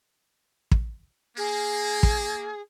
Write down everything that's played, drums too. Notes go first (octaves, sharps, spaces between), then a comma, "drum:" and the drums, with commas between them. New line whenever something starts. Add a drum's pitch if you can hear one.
drum: kick
A#3 G#4
drum: kick